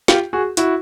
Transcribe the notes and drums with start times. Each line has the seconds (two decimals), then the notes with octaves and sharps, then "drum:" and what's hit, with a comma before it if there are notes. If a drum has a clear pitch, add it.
0.08 F4 G4, drum: snare
0.33 F#4 G#4
0.57 E4 F#4, drum: hi-hat